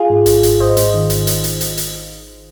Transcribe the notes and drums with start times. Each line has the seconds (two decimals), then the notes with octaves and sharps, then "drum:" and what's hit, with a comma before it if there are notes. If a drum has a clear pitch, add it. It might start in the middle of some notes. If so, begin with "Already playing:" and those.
Already playing: F4 G#4
0.10 G#2
0.26 G#1, drum: hi-hat
0.43 G#2, drum: hi-hat
0.59 G#1 C5 D#5
0.77 G#2, drum: hi-hat
0.94 D#3
1.10 G#1, drum: hi-hat
1.27 drum: hi-hat
1.44 drum: hi-hat
1.61 drum: hi-hat
1.77 drum: hi-hat